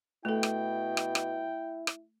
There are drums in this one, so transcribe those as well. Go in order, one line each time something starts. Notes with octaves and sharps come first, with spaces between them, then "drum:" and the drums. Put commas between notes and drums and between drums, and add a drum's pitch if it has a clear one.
B2 A3 E4 A4 G5
drum: rim click
drum: rim click
drum: rim click
drum: rim click